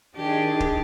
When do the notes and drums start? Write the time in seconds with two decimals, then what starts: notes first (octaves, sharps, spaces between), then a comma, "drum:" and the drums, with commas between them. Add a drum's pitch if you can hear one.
0.16 D#3 D4 G4 G#4
0.60 drum: kick